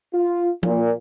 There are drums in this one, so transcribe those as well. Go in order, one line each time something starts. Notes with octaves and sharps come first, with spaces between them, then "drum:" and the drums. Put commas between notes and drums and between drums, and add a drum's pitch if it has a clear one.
F4
A#2, drum: tom F3